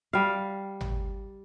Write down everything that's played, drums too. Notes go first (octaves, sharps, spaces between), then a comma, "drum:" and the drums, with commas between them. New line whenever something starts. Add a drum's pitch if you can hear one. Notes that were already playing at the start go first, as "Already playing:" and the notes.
G3 F5
drum: tom G#1